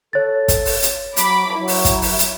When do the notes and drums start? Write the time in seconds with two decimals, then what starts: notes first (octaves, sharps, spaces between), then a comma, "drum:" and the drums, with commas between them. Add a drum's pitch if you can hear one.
0.13 A4 C#5 A6
0.48 drum: kick, hi-hat
0.65 drum: open hi-hat
0.82 drum: hi-hat
1.17 F#3 B5 D6, drum: hi-hat
1.57 F#3 E4
1.68 drum: open hi-hat
1.85 drum: kick, hi-hat
2.02 drum: open hi-hat
2.19 drum: hi-hat